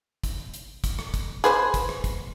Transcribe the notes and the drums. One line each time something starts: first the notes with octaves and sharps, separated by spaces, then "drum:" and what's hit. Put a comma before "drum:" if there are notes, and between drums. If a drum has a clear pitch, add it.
drum: kick, hi-hat
drum: hi-hat
drum: kick, hi-hat
drum: rim click
drum: kick, hi-hat
G#4 B4 C5, drum: hi-hat
drum: kick, hi-hat
drum: rim click
drum: kick, hi-hat